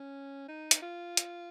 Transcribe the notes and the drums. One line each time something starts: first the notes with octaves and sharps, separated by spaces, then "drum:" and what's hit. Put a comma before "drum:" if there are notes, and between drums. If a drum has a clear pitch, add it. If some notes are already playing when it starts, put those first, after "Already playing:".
Already playing: C#4
D#4
drum: hi-hat
F4
drum: hi-hat